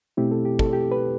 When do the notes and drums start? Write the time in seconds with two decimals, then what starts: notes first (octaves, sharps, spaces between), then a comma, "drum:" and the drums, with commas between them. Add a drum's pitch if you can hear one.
0.17 B2 A3 C4 E4 G4
0.31 A4
0.45 G4
0.59 A4, drum: kick
0.73 G4
0.91 B4